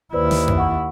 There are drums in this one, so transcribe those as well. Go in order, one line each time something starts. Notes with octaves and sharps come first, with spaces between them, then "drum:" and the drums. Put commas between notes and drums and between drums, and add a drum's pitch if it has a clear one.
D#2 E4 B4 C5 D5
drum: snare
drum: tom F2
F#5 C#6